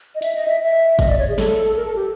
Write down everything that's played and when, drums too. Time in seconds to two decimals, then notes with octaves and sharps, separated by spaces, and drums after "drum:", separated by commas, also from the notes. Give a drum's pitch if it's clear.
0.15 D#5
0.22 E5, drum: hi-hat
0.35 D#5
0.48 E5
0.61 E5
0.99 D#5, drum: kick, hi-hat
1.09 D5
1.18 C#5
1.29 G#4
1.38 A4, drum: snare
1.77 A#4
1.86 A4
1.96 G4